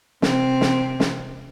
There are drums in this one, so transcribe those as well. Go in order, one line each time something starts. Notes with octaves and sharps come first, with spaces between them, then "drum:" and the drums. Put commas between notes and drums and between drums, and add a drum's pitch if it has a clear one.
C3 C4, drum: snare
drum: snare
drum: snare